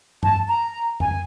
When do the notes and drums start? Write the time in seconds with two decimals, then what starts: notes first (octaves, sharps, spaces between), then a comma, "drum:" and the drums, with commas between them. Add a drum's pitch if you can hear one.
0.23 A5, drum: tom G2
0.48 A#5
1.00 G#5, drum: tom F2